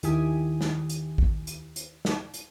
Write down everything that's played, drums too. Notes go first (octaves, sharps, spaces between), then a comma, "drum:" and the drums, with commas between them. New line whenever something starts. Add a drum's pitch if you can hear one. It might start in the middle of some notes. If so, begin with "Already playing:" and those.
D#2 D#3 E4 G4 G#5 D#6, drum: hi-hat
drum: snare
drum: hi-hat
drum: kick A1
drum: hi-hat
drum: hi-hat
drum: snare
drum: hi-hat